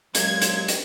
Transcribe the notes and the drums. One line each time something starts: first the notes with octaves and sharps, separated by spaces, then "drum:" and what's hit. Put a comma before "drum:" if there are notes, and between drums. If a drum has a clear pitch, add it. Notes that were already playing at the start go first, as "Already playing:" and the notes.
A#2 F#3 G#3 G#6, drum: hi-hat
drum: hi-hat
drum: hi-hat